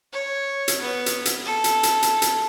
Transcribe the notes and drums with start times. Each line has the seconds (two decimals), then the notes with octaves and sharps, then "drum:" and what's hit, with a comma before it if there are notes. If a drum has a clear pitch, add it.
0.12 C#5
0.68 drum: hi-hat
0.81 B3
1.06 drum: hi-hat
1.25 drum: hi-hat
1.45 A4
1.64 drum: hi-hat
1.83 drum: hi-hat
2.03 drum: hi-hat
2.22 drum: hi-hat